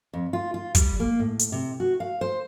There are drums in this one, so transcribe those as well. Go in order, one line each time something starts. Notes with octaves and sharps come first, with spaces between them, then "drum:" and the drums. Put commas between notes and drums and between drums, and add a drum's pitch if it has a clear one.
F2
F4
F4
G3, drum: kick, hi-hat
A#3
A2
drum: hi-hat
C3
F#4
F5
C5